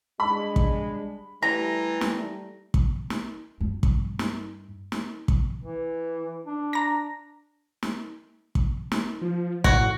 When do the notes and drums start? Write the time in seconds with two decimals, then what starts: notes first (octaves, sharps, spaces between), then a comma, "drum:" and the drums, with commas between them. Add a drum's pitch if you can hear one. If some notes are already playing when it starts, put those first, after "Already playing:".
0.20 G3 G#3 D4 B5
0.56 drum: kick
1.43 E3 G3 A3 A#5
2.01 drum: snare
2.74 drum: kick
3.10 drum: snare
3.60 G2
3.83 drum: kick
4.19 drum: snare
4.92 drum: snare
5.28 drum: kick
5.62 E3
6.46 D4
6.73 A#5 A#6
7.83 drum: snare
8.55 drum: kick
8.92 drum: snare
9.21 F3
9.64 A2 F#4, drum: kick